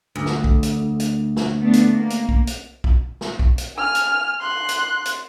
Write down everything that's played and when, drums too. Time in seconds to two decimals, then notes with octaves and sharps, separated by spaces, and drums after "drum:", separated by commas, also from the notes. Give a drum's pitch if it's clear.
0.16 D2
0.26 drum: snare
0.44 drum: kick B1
0.63 drum: hi-hat
1.00 drum: hi-hat
1.37 drum: snare
1.61 A3 B3 D4
1.73 drum: hi-hat
1.94 A#3
2.10 drum: hi-hat
2.29 drum: kick B1
2.47 drum: hi-hat
2.84 drum: kick B1
3.21 drum: snare
3.39 drum: kick B1
3.58 drum: hi-hat
3.76 G#5 F6
3.95 drum: hi-hat
4.40 C6 F#6
4.69 drum: hi-hat
5.05 drum: hi-hat